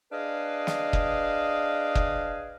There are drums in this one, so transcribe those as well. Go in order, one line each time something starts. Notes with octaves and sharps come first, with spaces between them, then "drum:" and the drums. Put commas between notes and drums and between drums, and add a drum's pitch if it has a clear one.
D4 G#4 B4 D#5 F5
drum: snare
drum: kick
drum: kick